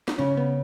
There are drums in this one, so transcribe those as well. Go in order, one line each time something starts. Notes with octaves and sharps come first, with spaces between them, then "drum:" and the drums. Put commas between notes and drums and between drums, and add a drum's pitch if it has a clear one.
drum: snare
C#3 C#4
B3